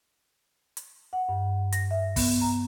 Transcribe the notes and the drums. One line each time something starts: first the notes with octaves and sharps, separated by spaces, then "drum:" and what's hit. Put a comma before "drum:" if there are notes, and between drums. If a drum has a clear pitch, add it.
drum: hi-hat
F#5
G2
A#6, drum: hi-hat
E5
B3, drum: kick, open hi-hat
A#5